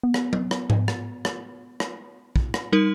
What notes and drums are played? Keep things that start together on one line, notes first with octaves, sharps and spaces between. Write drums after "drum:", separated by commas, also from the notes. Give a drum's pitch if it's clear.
B3
drum: rim click
drum: tom F#3
drum: rim click
drum: tom G#2
drum: rim click
drum: rim click
drum: rim click
drum: kick
drum: rim click
G3 D#4 A#4